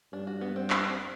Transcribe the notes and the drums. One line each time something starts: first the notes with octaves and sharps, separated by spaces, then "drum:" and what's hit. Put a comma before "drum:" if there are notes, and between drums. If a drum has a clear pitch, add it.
G2 D4
F#4
B3
C4
D4, drum: clap
C4